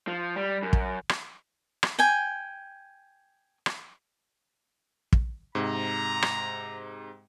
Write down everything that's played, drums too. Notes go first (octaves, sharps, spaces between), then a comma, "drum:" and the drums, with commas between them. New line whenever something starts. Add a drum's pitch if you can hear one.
F3
G3
F#2
drum: kick
drum: rim click
drum: rim click
G5 G#5
drum: rim click
drum: kick
G#2 C3 A#5
drum: rim click